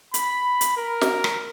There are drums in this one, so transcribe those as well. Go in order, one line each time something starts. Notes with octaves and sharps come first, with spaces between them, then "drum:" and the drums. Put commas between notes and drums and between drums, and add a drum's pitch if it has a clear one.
B5, drum: hi-hat
drum: hi-hat
A#4
drum: snare
drum: rim click